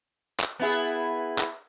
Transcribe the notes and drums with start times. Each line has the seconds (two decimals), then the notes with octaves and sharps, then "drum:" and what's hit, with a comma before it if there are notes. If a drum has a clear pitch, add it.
0.40 drum: clap
0.59 B3 E4 G#4
1.38 drum: clap